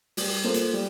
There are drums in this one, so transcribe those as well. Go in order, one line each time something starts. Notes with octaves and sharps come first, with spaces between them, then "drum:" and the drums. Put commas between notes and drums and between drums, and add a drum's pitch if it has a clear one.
G3, drum: open hi-hat
A#3 F4 A4 C5
drum: hi-hat
G3